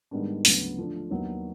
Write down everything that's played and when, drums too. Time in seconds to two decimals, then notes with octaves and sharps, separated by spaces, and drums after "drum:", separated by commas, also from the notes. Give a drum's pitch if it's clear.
0.11 G#2 D#3 G3 B3 D4
0.45 D2 C#3 F#3 B3, drum: open hi-hat
0.78 D3 F3 A3 D4
1.10 D#2 D#3 F#3 B3 D4